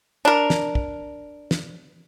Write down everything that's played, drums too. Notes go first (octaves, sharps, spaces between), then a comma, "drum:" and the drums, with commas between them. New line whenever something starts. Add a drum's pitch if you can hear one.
D4 A#4
drum: snare
drum: kick
drum: snare